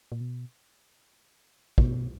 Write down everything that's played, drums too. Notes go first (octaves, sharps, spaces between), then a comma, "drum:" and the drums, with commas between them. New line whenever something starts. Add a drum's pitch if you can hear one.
A#2
B2
A#2, drum: kick
B2